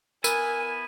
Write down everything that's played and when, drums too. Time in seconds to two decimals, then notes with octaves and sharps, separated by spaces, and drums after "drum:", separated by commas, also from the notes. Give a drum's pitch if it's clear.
0.24 B3 E4 A#4 G#5 D#7, drum: tambourine